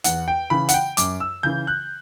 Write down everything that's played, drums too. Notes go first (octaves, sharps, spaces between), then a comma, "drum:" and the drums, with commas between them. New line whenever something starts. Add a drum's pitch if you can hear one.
E2 F#5, drum: hi-hat
G5
C#3 E3 B5
F#5, drum: hi-hat
G5
F#2 D6, drum: hi-hat
E6
C#3 E3 G6
F#6